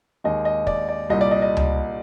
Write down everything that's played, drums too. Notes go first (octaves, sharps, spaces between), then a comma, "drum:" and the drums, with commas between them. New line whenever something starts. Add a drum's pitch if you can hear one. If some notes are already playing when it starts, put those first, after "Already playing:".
D#2 D#3 G#3 D#5
D#5
D5, drum: kick
D5
C2 A#2 G3 D#5
D5
D#5
D#5
drum: tom C#2